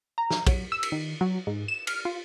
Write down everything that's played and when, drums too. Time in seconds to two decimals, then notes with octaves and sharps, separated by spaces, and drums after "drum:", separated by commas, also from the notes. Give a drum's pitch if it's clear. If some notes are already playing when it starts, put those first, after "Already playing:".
0.18 A#5
0.30 drum: snare
0.47 F#3, drum: kick, cymbal
0.72 E6
0.83 drum: cymbal
0.92 D#3
1.21 F#3
1.47 G#2
1.68 E7
1.87 F6, drum: cymbal
2.05 F4